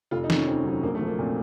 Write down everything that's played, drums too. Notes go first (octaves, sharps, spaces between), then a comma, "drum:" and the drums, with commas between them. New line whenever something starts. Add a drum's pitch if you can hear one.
F1 F4
D#4
D#3, drum: snare
C#4
D#2 C4
F#3
A#1 A#3
A3
F3
A#3
A#2 C4